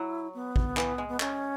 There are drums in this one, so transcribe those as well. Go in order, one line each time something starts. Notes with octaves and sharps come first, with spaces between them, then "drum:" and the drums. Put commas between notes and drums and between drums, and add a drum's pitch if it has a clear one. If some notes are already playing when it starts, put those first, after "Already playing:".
Already playing: F#3 E4
B3
drum: kick
E3, drum: clap
G#3
B3
C#4, drum: clap